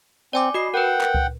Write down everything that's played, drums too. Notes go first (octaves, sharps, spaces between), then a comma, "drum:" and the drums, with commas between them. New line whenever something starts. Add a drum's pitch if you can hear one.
C4 D5 G#5 D6
F#4 D#5 B5 C7
A#4 B4 F#5 G5
drum: clap
drum: kick C#2